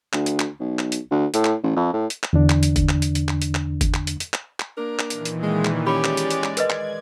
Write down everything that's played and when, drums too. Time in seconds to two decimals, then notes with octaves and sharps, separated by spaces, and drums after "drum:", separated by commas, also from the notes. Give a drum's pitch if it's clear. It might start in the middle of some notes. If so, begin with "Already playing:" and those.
0.13 D2, drum: clap
0.26 drum: hi-hat
0.39 drum: clap
0.60 B1
0.79 drum: clap
0.92 drum: hi-hat
1.11 D2
1.34 A2, drum: hi-hat
1.45 drum: clap
1.63 A1
1.76 F2
1.93 A2
2.10 drum: hi-hat
2.23 drum: clap
2.33 E2 D3 D4
2.50 drum: clap
2.63 drum: hi-hat
2.76 drum: kick G1, hi-hat
2.89 drum: clap
3.02 drum: hi-hat
3.15 drum: hi-hat
3.28 drum: clap
3.42 drum: hi-hat
3.55 drum: clap
3.81 drum: kick G1, hi-hat
3.94 drum: clap
4.07 drum: hi-hat
4.20 drum: hi-hat
4.33 drum: clap
4.60 drum: clap
4.78 A#3 D4 A#4
4.99 drum: clap
5.10 A#2 D#3 E3, drum: hi-hat
5.25 drum: hi-hat
5.43 G#3
5.65 drum: clap
5.87 G#3 C#4 G4 D5 B5
6.04 drum: clap
6.17 drum: hi-hat
6.31 drum: hi-hat
6.44 drum: clap
6.57 A#4 B4 D#5 G#6, drum: hi-hat
6.70 drum: clap